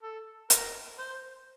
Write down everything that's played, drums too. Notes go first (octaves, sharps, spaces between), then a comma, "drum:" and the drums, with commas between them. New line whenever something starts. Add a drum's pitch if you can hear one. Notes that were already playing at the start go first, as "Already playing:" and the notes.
A4
A#4, drum: hi-hat
C5